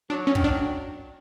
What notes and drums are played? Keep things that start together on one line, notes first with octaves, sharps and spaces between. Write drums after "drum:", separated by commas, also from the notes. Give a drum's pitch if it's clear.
F#3 D4
C#4
D#3, drum: kick
D4